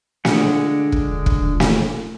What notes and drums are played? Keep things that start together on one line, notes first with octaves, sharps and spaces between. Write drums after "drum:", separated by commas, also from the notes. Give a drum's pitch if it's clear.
D3 G#3 D4 F4 F#5, drum: snare
drum: kick
drum: kick
drum: snare